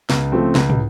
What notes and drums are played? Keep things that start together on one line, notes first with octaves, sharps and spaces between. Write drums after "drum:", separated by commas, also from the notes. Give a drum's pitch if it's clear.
C#2, drum: snare
C#3 F3 A3 C4
C#2, drum: snare
drum: tom